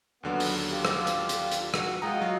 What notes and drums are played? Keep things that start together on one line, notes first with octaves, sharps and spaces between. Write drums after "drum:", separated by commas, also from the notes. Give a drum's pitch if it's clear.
D#2 D3 F#3 B3
drum: open hi-hat
F4 G4
drum: rim click
drum: hi-hat
drum: hi-hat
drum: hi-hat
F#4, drum: rim click
G#3 F4 F#4 D#5 G5 A#5
F#3